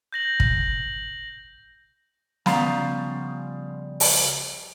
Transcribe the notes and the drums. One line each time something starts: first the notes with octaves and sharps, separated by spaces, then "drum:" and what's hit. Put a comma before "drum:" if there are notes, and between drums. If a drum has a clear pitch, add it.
G6 A#6 F#7
drum: kick
C#3 F3 G3 B3 F5 A#5, drum: snare
drum: open hi-hat